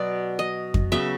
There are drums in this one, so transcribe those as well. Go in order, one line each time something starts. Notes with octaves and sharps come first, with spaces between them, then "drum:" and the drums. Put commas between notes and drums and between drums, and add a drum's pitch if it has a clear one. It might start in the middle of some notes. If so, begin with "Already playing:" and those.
Already playing: B2 F#3 B3 D5
D#5
drum: kick F2
C#3 F#3 B3 E5